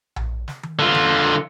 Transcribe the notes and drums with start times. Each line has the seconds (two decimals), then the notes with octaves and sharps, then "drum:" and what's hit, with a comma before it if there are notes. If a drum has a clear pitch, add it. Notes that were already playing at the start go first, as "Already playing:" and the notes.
0.16 drum: tom A#1
0.48 drum: snare
0.63 drum: tom D#3
0.79 D3 F4
0.95 drum: tom D#3